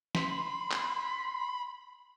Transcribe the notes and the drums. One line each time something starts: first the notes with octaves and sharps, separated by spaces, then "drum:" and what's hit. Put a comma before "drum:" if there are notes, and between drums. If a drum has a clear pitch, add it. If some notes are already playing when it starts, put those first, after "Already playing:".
B5 C6, drum: snare
drum: clap